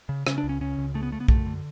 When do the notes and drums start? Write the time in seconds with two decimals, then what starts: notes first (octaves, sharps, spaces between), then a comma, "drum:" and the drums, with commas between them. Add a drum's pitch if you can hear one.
0.09 C#3
0.27 C#3 C#4, drum: rim click
0.38 D4
0.43 C#2
0.49 C#4
0.61 C#3 C#4
0.78 C#2
0.94 C#3 A3
1.03 B3
1.12 C#3 A3
1.20 B3
1.28 F#2 A3, drum: kick B1
1.46 D3